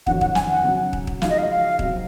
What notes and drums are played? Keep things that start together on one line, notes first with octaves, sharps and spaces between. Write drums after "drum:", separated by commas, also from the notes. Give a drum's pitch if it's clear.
F2 D#3 F#3 C#4 F#4 F#5, drum: kick
F#5, drum: kick
G#5, drum: snare
F#5
C#3 F#3 C#4
drum: kick
drum: kick
F3 G#3 D#4 F#4 F5, drum: snare
D#5
F5
F5
C3 F#3 C4, drum: kick